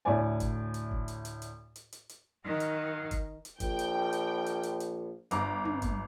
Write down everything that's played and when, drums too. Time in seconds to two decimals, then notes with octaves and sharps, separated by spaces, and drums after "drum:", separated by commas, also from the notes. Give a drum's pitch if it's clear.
0.05 D2 A2 C#5 D5 G#5
0.40 drum: kick F#1, hi-hat
0.74 drum: hi-hat
0.91 drum: kick F#1
1.08 drum: hi-hat
1.25 drum: hi-hat
1.42 drum: hi-hat
1.76 drum: hi-hat
1.92 drum: hi-hat
2.09 drum: hi-hat
2.44 D#3 F#3 F5 F#5
2.60 drum: hi-hat
3.11 drum: kick F#1, hi-hat
3.45 drum: hi-hat
3.60 A#1 G5, drum: kick F#1, hi-hat
3.79 drum: hi-hat
4.13 drum: hi-hat
4.46 drum: hi-hat
4.63 drum: hi-hat
4.80 drum: hi-hat
5.31 G1 A#5 D6, drum: hi-hat
5.65 drum: tom
5.82 drum: kick F#1, hi-hat